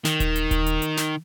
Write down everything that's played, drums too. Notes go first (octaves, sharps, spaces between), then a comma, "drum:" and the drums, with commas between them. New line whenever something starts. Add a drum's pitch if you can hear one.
D#3, drum: snare
drum: kick D#1, hi-hat
drum: hi-hat
drum: kick D#1, hi-hat
drum: hi-hat
drum: hi-hat
drum: snare